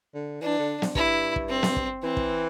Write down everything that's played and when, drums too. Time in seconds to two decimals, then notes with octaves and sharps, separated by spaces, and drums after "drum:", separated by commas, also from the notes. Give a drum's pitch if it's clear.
0.15 D3
0.41 E3 D4
0.59 D3
0.82 drum: snare
0.95 G2 E4, drum: kick
1.36 drum: kick
1.49 C4
1.63 drum: snare
1.76 drum: kick
2.03 E3 C4
2.17 drum: kick